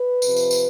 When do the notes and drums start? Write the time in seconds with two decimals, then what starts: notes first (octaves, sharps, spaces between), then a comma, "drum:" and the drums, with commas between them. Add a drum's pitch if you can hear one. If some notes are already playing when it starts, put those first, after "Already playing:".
Already playing: B4
0.22 C3 F3, drum: tambourine
0.37 drum: tambourine
0.51 drum: tambourine